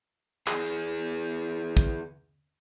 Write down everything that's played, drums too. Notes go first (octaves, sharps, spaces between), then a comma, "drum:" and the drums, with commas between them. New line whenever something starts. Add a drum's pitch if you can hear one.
E3 G#4, drum: clap
drum: kick